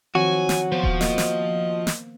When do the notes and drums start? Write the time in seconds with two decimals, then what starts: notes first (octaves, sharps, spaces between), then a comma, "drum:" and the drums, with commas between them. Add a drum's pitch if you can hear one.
0.15 D#3 F3 F#3 C4 F#4 G#5
0.49 drum: snare
0.72 F3 B3 C5
0.83 drum: kick D#1
1.01 A#3 D#5, drum: snare
1.18 drum: snare
1.87 drum: snare